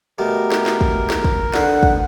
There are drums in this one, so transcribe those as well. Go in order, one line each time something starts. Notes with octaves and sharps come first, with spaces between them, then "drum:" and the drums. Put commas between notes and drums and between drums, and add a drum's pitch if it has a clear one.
B2 G3 A3 A#4
drum: snare
drum: snare
drum: kick
drum: snare
drum: kick
D3 B4 C5 F#5, drum: snare
drum: kick